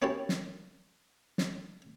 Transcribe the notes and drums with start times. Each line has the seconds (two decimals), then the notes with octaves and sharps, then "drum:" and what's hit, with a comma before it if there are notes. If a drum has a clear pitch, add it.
0.02 A#3 C#4 E4 F#4 G4 A5
0.29 drum: snare
1.38 drum: snare